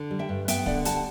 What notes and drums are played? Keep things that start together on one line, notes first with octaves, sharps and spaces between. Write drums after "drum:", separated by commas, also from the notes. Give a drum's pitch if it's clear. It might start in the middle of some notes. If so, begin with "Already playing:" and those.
Already playing: D3
G3
E5 G5
G2
B3 E5 G5, drum: hi-hat
D3 D5 F#5, drum: kick D1
G3 F#5 A5, drum: hi-hat